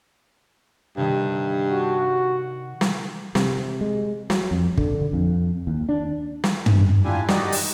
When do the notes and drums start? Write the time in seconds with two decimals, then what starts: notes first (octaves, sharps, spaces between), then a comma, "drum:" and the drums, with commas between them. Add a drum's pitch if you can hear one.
0.97 G2 C3 D#3
1.72 F#4
2.81 drum: snare
3.35 C3, drum: snare
3.81 G#3
4.30 F#3, drum: snare
4.51 F2
4.78 D3, drum: kick
5.13 F2
5.67 D#2
5.89 D4
6.44 drum: snare
6.66 drum: tom
7.04 D4 E4 F4 G4 G#5
7.28 D#4 F#4 G4 D5 D#5, drum: snare
7.52 drum: open hi-hat